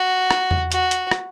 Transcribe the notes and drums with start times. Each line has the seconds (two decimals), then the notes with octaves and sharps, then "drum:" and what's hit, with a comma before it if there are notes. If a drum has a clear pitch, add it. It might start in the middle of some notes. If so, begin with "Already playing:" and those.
Already playing: F#4
0.31 drum: rim click
0.51 drum: tom E2
0.72 F#4, drum: hi-hat
0.91 drum: hi-hat
1.11 drum: rim click